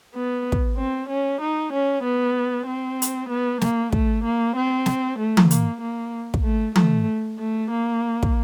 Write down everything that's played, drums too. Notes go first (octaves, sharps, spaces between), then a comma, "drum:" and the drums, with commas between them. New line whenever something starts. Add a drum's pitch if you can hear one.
B3
drum: kick
C4
C#4
D#4
C#4
B3
C4
drum: hi-hat
B3
A#3, drum: snare
A3, drum: kick
A#3
C4
drum: snare
A3
drum: tom E3
A#3, drum: hi-hat
A#3
drum: kick
A3
A3, drum: tom E3
A3
A#3
drum: kick